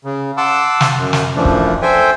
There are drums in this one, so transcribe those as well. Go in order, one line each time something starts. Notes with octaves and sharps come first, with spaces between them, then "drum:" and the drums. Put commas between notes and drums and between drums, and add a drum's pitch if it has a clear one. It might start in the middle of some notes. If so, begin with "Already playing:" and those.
C#3
F#5 A5 C6 D6 E6
drum: snare
F#2
drum: snare
F#2 E3 F3 A3 D4
drum: kick
A4 C5 E5 G5 G#5